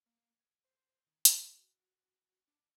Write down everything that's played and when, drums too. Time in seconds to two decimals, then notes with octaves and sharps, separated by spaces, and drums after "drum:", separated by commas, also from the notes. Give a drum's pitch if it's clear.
0.06 A#3
0.40 G#6
0.65 C5
1.07 D#3
1.25 G1, drum: hi-hat
1.56 F#4
2.48 D4